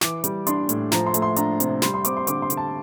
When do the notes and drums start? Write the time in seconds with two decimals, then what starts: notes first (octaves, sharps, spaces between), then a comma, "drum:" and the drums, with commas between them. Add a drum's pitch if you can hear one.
0.01 E3 D6, drum: snare
0.24 G3, drum: hi-hat
0.47 D4 C6, drum: hi-hat
0.69 A2, drum: hi-hat
0.92 F3 A#5, drum: snare
1.06 C6
1.14 A3, drum: hi-hat
1.22 C6
1.36 D4 A#5, drum: hi-hat
1.60 C3, drum: hi-hat
1.82 G3 C6, drum: snare
1.94 C6
2.05 C4 D6, drum: hi-hat
2.17 C6
2.27 D3 D6, drum: hi-hat
2.42 C6
2.50 D3, drum: hi-hat
2.57 A5